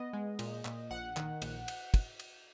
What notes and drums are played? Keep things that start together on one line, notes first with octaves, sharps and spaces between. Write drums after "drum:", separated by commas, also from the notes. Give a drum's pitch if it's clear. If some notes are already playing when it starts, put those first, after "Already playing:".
Already playing: B3 D#5
G#3
A#2, drum: cymbal
A#2, drum: clap
A#1 F#5
D#3, drum: clap
A#1, drum: cymbal
drum: cymbal
drum: kick, cymbal
drum: cymbal